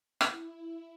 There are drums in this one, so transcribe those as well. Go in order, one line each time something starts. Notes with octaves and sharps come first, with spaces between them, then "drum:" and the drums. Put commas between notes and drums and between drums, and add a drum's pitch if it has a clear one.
E4, drum: rim click